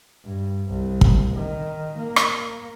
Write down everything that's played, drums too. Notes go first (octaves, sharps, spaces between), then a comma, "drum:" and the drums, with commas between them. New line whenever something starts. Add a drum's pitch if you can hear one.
G2
C2
drum: kick
D#3
A#3
drum: rim click